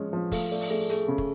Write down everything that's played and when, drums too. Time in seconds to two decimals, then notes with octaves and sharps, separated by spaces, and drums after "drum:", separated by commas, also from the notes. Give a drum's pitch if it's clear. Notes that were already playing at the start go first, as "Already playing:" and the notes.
Already playing: F3 G#3 C#4
0.13 F3
0.32 A3 F5, drum: kick, open hi-hat
0.51 A3 D5
0.61 drum: open hi-hat
0.70 A3 G#4
0.90 A3 G#4, drum: hi-hat
1.08 C#3
1.18 drum: kick